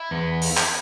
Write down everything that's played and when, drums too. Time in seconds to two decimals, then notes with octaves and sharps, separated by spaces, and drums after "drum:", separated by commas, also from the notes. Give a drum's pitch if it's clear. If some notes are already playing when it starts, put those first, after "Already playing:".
Already playing: E4
0.11 E2
0.42 drum: open hi-hat
0.57 drum: clap